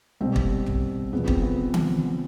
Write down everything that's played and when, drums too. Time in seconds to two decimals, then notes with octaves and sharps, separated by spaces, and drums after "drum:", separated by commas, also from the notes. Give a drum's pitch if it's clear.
0.21 C2 B2 G3 C4
0.36 drum: kick
0.66 drum: tom
1.13 E2 C3 F3 B3
1.28 C4, drum: kick
1.43 B3
1.74 drum: tom D#3